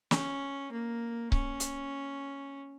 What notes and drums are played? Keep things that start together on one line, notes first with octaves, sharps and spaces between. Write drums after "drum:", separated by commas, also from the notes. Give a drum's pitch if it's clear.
C#4, drum: snare
A#3
C#4, drum: kick C#1
drum: hi-hat